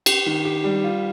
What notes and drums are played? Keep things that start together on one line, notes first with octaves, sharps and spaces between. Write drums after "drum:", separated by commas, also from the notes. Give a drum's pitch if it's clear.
G4, drum: cymbal
D#3
G4
G3
F4